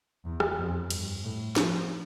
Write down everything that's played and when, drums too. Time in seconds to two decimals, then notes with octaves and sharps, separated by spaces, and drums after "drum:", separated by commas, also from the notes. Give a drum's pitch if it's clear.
0.25 E2
0.40 drum: rim click
0.58 F2
0.90 G2, drum: cymbal
1.24 A2
1.56 F3, drum: snare